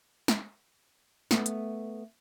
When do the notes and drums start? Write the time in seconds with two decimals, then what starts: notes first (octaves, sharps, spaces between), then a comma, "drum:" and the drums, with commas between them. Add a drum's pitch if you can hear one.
0.28 drum: snare
1.31 A3 B3, drum: snare
1.46 drum: hi-hat